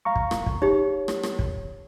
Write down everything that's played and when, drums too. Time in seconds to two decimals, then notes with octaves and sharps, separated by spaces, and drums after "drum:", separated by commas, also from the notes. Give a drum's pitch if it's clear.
0.05 F5 A#5 C#6
0.16 drum: kick
0.31 drum: rim click
0.46 drum: kick
0.62 D#4 G4 C#5
1.08 drum: rim click
1.23 drum: rim click
1.39 drum: kick